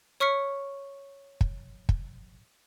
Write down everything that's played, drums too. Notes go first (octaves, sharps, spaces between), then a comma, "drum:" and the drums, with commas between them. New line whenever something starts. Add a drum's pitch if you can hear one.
C#5 C#6 F6 B6 C#7
drum: kick
drum: kick